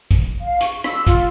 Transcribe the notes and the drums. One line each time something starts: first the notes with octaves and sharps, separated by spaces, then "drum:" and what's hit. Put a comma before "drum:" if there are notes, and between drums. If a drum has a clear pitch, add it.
drum: kick, hi-hat
F5
C#6, drum: hi-hat
E6, drum: rim click
F4, drum: kick, hi-hat